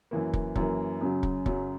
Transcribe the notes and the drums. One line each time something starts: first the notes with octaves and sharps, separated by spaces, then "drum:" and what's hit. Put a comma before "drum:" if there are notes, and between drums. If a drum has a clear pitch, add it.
F#2 E3 A#3
drum: kick
F#2 E3 A#3, drum: kick
F#2 C#3 F#3
drum: kick
F#2 C#3 F#3, drum: kick